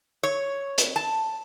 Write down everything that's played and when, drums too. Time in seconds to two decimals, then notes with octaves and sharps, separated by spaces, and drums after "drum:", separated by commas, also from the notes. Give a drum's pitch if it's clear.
0.23 C#5
0.78 drum: hi-hat
0.96 A5